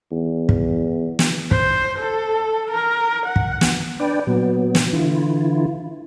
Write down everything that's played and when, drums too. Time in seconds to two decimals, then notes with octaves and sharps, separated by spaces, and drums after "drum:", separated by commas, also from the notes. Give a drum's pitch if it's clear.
0.12 E2
0.49 drum: kick
1.19 drum: snare
1.51 C5, drum: kick
1.99 A4
2.71 A#4
3.26 F#5
3.36 drum: kick
3.61 drum: snare
4.00 D4 B4 D5 G5
4.27 A#2 F#3 B3
4.75 drum: snare
4.93 D3 E3 E4 F4